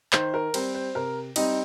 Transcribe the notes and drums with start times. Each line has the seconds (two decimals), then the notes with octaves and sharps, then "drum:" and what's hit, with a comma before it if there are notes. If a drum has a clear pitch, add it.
0.13 D#3 C5, drum: clap
0.34 A#4
0.54 G3 C4 C5, drum: cymbal
0.74 C5
0.95 C3 A#4
1.36 G3 C4 D#4 D#5, drum: cymbal